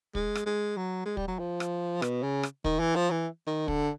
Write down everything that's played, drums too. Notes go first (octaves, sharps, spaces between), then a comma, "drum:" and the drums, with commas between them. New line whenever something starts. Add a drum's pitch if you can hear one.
G#3, drum: kick
drum: rim click
G#3
F#3
G#3
G3, drum: kick
F#3
F3
drum: rim click
B2, drum: rim click
C#3
drum: rim click
D#3, drum: kick
E3
F3
E3
D#3
D3, drum: kick